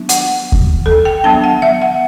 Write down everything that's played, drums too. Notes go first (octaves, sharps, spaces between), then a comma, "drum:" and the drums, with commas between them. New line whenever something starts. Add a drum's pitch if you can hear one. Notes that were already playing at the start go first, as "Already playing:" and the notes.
Already playing: F#3 B3 D4
F#5, drum: hi-hat
drum: kick D#2
A4
G5
F#3 B3 D4 A5
F#5
E5
F#5